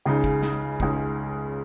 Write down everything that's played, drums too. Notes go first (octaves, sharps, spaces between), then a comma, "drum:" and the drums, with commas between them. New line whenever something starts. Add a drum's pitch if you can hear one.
C#2 C#3 G#3 D#4
drum: kick
drum: snare
C#2 C#3 G#3 D#4, drum: kick